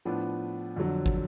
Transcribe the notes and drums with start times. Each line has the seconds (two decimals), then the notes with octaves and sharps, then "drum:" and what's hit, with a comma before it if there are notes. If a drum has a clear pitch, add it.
0.05 A2 F3 B3 D4
0.76 F2 D3 F#3
1.06 drum: kick